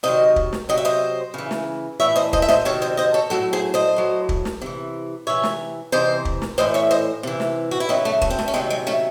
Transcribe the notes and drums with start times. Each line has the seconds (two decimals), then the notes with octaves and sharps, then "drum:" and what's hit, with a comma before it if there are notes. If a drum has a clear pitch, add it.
0.03 C3 D#3 F#3 C5 D#5
0.36 drum: kick
0.53 drum: snare
0.69 C3 F#3 D#5
0.77 E5
0.85 C5 D#5
1.34 C#3 E3
1.51 drum: snare
2.00 A2 E3 C#5 E5
2.16 C5 D#5
2.33 C5 D#5, drum: kick
2.42 E5
2.49 C5 D#5, drum: snare
2.65 C3 D#3 F#3 A4 C#5
2.82 C5 D#5
2.97 C5 D#5
3.14 A4 C#5
3.30 A2 F#3 F#4 A4
3.53 G#4 C5
3.74 C5 D#5
3.96 A2 F#3
4.29 drum: kick
4.45 drum: snare
4.62 C3 E3
5.27 C3 E3 C#5 E5
5.43 drum: snare
5.92 C3 E3 C5 D#5
6.25 drum: kick
6.42 drum: snare
6.58 A2 E3 C5 D#5
6.74 C#5 E5
6.91 C5 D#5
7.23 C3 E3
7.40 drum: snare
7.71 F#4
7.80 E4
7.89 C#3 F#3 C4 D#4
8.05 A3
8.22 A3, drum: kick
8.30 C4
8.39 A3, drum: snare
8.48 C#4
8.54 C3 D#3 F#3 G#3 C4
8.70 G#3
8.87 A3 C#4